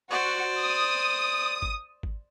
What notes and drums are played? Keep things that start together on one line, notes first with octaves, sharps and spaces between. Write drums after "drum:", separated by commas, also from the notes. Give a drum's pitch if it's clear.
F#4 C5 D5
D#6
drum: kick
drum: kick